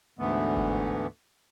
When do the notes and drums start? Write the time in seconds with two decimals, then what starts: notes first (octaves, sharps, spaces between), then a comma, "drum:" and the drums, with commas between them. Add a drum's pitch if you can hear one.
0.19 D2 G#2 D3 E3 A3 B3
0.57 drum: kick G1